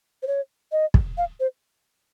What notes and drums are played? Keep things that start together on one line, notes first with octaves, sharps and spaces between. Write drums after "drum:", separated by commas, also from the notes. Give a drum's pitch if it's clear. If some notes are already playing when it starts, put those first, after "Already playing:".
C5
C#5
D#5
drum: kick
F5
C5